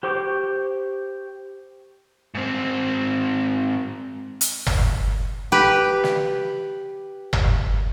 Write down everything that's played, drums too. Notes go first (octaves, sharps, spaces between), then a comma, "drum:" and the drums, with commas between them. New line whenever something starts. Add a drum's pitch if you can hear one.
G4 C5 C#6 D6
G#2 C4
drum: hi-hat
drum: tom G1
G4 B4
drum: snare
drum: tom G1